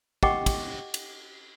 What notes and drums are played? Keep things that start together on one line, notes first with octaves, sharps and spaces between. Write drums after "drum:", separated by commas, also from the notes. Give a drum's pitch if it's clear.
G4 D#5 F#5 G5 C#6 D6, drum: kick
drum: kick, cymbal
drum: cymbal